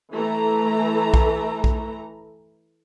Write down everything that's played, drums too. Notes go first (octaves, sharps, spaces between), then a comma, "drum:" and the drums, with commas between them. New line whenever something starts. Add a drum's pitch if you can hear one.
E3 A3 A#5
drum: kick B1
drum: kick B1